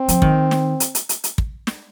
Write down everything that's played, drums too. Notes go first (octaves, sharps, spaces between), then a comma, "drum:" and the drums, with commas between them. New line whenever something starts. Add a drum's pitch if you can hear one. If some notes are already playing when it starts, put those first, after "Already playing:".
Already playing: C4
F3, drum: hi-hat
D#3, drum: kick
drum: snare
drum: hi-hat
drum: hi-hat
drum: hi-hat
drum: hi-hat
drum: kick
drum: snare